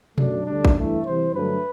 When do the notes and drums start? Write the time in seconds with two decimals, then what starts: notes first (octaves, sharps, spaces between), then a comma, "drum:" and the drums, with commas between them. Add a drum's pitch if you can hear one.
0.18 F#2 F#3 A3 D4, drum: tom B2
0.47 D2 D3 G3 D4
0.65 drum: kick A1
0.76 G2 E3 A3
1.05 C2 C3 E3 C5
1.33 G2 D3 F#3 A3 B4